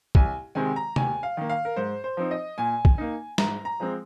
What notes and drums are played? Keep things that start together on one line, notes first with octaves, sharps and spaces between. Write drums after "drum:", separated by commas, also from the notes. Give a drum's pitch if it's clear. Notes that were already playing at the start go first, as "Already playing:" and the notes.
C2 G#5, drum: kick
C3 D#3 G#3 C4 G#5
A#5
D#2 G#5, drum: tom C3
F5
D#3 A#3
F5
A#4
G#2 C5
C5
F3 C4 D#4
D#5
A#2 G#5
drum: kick
A#3 D#4
G#2 A#5, drum: snare
A#5
F3 G#3 C4